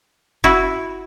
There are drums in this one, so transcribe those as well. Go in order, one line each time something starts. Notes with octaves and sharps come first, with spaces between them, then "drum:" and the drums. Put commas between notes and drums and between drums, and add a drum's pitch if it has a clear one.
E4 F#4, drum: kick F1